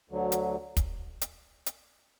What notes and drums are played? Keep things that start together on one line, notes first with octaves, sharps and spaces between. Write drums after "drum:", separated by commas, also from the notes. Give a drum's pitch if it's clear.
D2 D3 F#3
drum: hi-hat
drum: kick, hi-hat
drum: hi-hat
drum: hi-hat